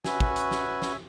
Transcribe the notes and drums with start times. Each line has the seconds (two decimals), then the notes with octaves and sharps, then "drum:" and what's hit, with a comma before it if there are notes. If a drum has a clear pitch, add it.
0.04 C#4 F#4 B4 E5 G#5, drum: snare
0.20 drum: kick
0.36 drum: hi-hat
0.51 drum: snare
0.82 drum: snare